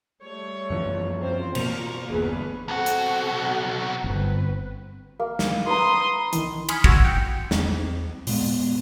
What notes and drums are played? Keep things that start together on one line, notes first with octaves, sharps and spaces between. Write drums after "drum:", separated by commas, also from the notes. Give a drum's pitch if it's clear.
G3 A3 C#5
F#2 E3 F3
C4 F4 C5
B2 A#3 F4 A#4, drum: cymbal
G1 E2 A3 G#4 B4
B1 C4 F#4 A4
drum: hi-hat
G1 C4 B4
A#3
drum: snare
B4 A#5 C6 D#6
B1 D#3 E3, drum: hi-hat
G#5 B5 C6 D#6 F6 C#7, drum: cymbal
F#4 E6 G#6 A#6, drum: kick
G5 C#7
E2 C4, drum: snare
A#2 G#3 B3, drum: open hi-hat